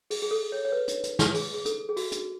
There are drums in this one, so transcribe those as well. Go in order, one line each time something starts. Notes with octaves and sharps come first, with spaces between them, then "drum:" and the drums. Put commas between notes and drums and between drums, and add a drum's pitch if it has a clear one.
G#4, drum: open hi-hat
G#4
A4
C#5
C#5
B4
drum: hi-hat
drum: hi-hat
drum: snare
G#4, drum: open hi-hat
G#4
A4, drum: hi-hat
G#4
F#4, drum: open hi-hat
drum: hi-hat